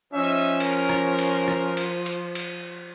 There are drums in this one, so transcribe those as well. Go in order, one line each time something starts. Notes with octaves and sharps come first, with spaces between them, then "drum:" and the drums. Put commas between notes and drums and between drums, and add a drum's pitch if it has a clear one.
F3 C#4 D#4 D#5 E5
A#4, drum: cymbal
drum: rim click
drum: cymbal
drum: rim click
drum: cymbal
drum: cymbal
drum: cymbal